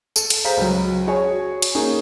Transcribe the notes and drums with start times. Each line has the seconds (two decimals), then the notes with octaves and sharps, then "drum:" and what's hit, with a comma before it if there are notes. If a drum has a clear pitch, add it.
0.16 A4, drum: tambourine
0.30 drum: cymbal
0.44 G#4 C5 F5 A#5 B6
0.57 C#2 F#3
1.07 F#4 G#4 C#5 G#5
1.62 drum: cymbal
1.75 A#3 C#4 D#4 G#4